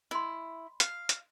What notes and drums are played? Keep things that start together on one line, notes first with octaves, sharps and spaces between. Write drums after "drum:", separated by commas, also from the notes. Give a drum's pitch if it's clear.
E4 D#5 C6
F5, drum: hi-hat
drum: hi-hat